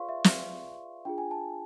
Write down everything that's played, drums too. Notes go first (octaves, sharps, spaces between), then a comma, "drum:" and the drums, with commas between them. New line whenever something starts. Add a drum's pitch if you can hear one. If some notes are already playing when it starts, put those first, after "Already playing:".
Already playing: F4 G#4 B4 D5 F5 C6 C#6
E5
drum: snare
D4 F4 G#4 G5
G#5
A5